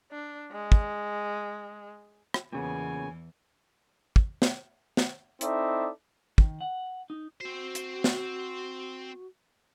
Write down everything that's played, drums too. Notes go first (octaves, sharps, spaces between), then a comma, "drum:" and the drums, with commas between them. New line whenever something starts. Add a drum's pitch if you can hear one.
D4
G#3
drum: kick
drum: rim click
E2 A#2 C#3 E3 B3 C#5 G#5
drum: kick
drum: snare
drum: snare
C4 D#4 E4 A4 D5 E5, drum: hi-hat
D#3, drum: kick
F#5
D#4
C4 F#4 C5
drum: hi-hat
drum: snare